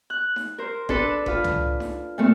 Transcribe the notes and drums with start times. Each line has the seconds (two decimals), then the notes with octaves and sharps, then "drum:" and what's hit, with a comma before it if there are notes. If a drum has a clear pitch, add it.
0.10 F#6
0.36 drum: snare D#4
0.58 A#4 C5
0.89 D4 A4 B4, drum: kick G1
1.26 F4 B4, drum: kick G1
1.44 drum: tom
1.80 drum: snare D#4
2.18 A#2 A3 C4